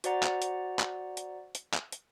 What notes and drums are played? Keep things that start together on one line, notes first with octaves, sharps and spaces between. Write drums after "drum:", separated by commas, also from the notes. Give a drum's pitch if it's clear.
F#4 C5 D5 F#5 A#5 A6, drum: hi-hat
drum: clap
drum: hi-hat
drum: clap
drum: hi-hat
drum: hi-hat
drum: clap
drum: hi-hat